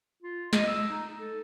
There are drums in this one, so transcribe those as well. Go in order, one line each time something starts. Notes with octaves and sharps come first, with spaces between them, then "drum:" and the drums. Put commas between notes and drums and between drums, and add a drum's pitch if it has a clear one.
F4
D#5, drum: snare
E6
D#4
A4